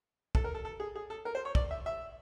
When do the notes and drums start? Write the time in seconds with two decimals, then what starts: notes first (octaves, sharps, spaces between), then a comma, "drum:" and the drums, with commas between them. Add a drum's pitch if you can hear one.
0.35 A4, drum: kick
0.44 A#4
0.54 A4
0.65 A4
0.80 G#4
0.95 G#4
1.10 A4
1.25 A#4
1.35 C5
1.45 C#5
1.55 D5, drum: kick
1.71 E5
1.86 E5